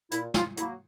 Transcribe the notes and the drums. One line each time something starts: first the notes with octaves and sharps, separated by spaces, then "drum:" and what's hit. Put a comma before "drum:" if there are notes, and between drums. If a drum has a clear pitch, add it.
A#2 E4, drum: hi-hat
F4, drum: snare
F#3 A#3 E4, drum: hi-hat